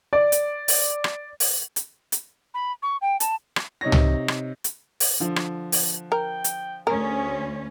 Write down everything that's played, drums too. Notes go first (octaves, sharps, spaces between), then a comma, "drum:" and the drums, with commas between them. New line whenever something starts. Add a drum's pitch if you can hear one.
D5
drum: hi-hat
drum: open hi-hat
drum: rim click
drum: open hi-hat
drum: hi-hat
drum: hi-hat
B5
C#6
G5
A5, drum: hi-hat
drum: rim click
C3 D#4 C#5 A#6
drum: tom
drum: rim click
drum: hi-hat
drum: open hi-hat
D3 F3
drum: rim click
drum: open hi-hat
A#4 G5
drum: hi-hat
D2 C#4 G#4 A#4